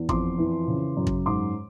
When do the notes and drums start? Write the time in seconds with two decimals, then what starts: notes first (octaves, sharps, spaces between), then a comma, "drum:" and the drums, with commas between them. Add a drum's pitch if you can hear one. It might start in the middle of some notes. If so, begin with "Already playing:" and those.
Already playing: E2
0.09 F2 C6 D6, drum: kick
0.38 E3
0.68 C#3
0.97 F#2
1.07 drum: kick
1.26 G#2 C6 D6